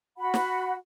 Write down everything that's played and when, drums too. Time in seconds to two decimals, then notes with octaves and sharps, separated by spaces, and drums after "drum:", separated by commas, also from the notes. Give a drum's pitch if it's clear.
0.18 F#4 F#5 B5
0.34 drum: snare